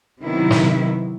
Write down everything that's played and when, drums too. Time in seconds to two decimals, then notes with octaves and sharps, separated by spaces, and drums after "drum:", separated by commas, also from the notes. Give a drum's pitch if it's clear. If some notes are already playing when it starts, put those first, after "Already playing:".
0.24 C3 D#3 F#3 B3 E4
0.51 drum: snare